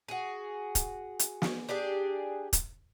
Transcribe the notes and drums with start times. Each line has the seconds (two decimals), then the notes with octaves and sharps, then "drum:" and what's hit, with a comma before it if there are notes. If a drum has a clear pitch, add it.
0.08 F#4 G#4
0.75 drum: kick D#1, hi-hat
1.19 drum: hi-hat
1.42 drum: snare
1.69 D4 G4 G#4 D5
2.53 drum: kick D#1, hi-hat